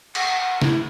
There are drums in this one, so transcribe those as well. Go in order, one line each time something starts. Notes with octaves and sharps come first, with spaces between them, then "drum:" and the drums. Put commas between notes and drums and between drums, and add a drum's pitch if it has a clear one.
F#5, drum: cymbal
E4, drum: snare